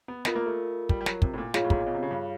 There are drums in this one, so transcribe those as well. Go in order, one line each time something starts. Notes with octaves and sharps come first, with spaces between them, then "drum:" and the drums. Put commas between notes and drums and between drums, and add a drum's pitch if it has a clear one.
B3
B3 F4 A#4 D#5, drum: snare
A#3
A3
G3, drum: kick
G3
F#3, drum: snare
C3, drum: kick
A2
A#2
G#2 F4 G#4 C#5 F5, drum: snare
A2
G#2, drum: kick
A#2
B2
C3
C#3
G2